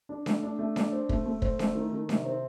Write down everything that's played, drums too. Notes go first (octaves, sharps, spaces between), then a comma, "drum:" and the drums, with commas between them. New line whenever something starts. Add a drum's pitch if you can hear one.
D4
A3, drum: snare D4
D4
A3
D4, drum: snare D4
C4
A3, drum: kick
A3
C4, drum: kick
A3, drum: snare D4
D#3
D#3
C3, drum: snare D4
C4